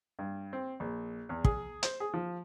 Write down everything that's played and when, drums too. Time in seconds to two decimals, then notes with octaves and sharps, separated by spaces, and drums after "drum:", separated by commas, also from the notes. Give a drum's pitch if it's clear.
0.19 G2
0.53 C4
0.80 A#1
1.29 E2
1.44 G#4, drum: kick
1.83 C5, drum: hi-hat
2.00 G#4
2.14 F3